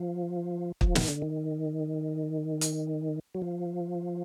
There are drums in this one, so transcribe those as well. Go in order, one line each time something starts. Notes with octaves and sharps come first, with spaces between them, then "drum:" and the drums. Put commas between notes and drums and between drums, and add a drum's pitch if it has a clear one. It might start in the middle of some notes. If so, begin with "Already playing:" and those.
Already playing: F3
F3, drum: kick
D#3, drum: snare
D3
D#3
drum: hi-hat
F#3
F3